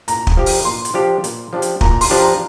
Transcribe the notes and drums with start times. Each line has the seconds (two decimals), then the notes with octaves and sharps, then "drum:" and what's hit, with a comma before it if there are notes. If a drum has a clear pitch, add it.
0.08 A#2 A#5, drum: hi-hat
0.27 drum: kick
0.37 F3 D4 G4
0.46 drum: open hi-hat
0.65 A#2 C6
0.85 drum: hi-hat
0.94 F3 D4 G4
1.24 A#2, drum: hi-hat
1.53 F3 D4 G4
1.62 drum: hi-hat
1.81 A#2 A#5, drum: kick
2.01 C6, drum: open hi-hat
2.10 F3 D4 G4
2.20 A#5